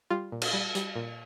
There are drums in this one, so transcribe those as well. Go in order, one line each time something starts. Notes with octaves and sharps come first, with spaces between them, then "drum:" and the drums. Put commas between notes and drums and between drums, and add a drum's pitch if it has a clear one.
G3 F4
A#2
drum: cymbal
G3
G3, drum: hi-hat
A#2